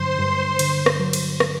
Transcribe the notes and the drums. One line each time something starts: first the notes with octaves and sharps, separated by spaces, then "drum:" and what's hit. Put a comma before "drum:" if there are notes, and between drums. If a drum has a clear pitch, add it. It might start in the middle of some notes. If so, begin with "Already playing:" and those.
Already playing: G2 D3 F#3 C5 C6
G2
D3, drum: cymbal
drum: rim click
F#3
drum: cymbal
drum: rim click